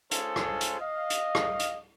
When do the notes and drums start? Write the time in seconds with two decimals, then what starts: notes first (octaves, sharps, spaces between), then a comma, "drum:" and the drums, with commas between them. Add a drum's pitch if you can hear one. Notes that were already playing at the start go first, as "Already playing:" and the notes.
0.11 G#3 C#4 F4 G#4 A4 C5, drum: hi-hat
0.36 drum: rim click
0.61 drum: hi-hat
0.80 D#5 F5
1.10 drum: hi-hat
1.35 drum: rim click
1.60 drum: hi-hat